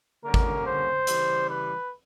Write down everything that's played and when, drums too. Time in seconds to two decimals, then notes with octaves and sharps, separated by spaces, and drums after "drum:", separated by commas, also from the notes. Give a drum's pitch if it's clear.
0.23 D3 G3 A#3 C#4 A#4
0.34 drum: kick G#1
0.65 C5
1.07 C#3 E3 G3, drum: hi-hat
1.48 B4